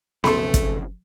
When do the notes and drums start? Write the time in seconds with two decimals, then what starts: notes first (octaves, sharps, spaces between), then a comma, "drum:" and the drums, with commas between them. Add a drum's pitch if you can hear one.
0.24 B1 F2 C#3 A3 G#4 A4 B5 C6, drum: snare B3
0.54 drum: kick, hi-hat